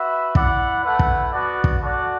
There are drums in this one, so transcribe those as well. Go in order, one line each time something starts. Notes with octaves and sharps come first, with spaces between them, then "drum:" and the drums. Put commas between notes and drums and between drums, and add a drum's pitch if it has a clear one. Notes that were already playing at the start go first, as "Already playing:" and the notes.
Already playing: F#4 B4 E5
E4 D5 F#5, drum: kick
A3 E4 B4 F#5
drum: kick
B3 F#4 D5
drum: kick
A3 F#4 D5 F#5